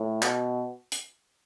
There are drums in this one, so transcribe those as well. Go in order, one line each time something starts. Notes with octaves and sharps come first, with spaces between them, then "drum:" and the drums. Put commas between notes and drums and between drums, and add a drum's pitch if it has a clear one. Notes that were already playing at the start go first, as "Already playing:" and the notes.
Already playing: A2
B2, drum: clap
drum: hi-hat